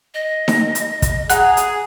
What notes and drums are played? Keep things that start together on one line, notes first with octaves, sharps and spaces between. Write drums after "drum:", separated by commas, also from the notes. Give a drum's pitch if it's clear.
D#5
drum: snare D#4
drum: hi-hat
drum: kick, hi-hat
G#4 F#5 A#5 F#6, drum: hi-hat
drum: hi-hat